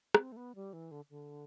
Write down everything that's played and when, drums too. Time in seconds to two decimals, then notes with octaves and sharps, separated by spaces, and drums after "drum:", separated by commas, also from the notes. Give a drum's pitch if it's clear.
0.15 B3, drum: rim click
0.19 C4
0.32 A3
0.37 B3
0.55 G3
0.73 E3
0.91 D3
1.10 D3